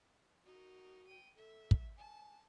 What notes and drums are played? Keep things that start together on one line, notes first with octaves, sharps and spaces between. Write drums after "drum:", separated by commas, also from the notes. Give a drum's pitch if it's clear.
D#4 F#4 A#4
G5 D#7
A4 E5
drum: kick
G#5 A5